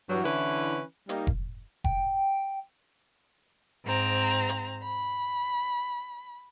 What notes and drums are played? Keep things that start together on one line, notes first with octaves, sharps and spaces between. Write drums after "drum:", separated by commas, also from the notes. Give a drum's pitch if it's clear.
G2 E3 F#3
D3 E3 C#4 E4 B4
G3 A#3 D#4, drum: hi-hat
drum: kick F1
G5, drum: kick F1
G#2 C4 A#5
drum: hi-hat
B5